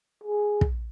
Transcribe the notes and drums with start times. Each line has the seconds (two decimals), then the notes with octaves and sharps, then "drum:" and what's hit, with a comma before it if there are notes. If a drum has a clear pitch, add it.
0.24 G#4
0.61 drum: kick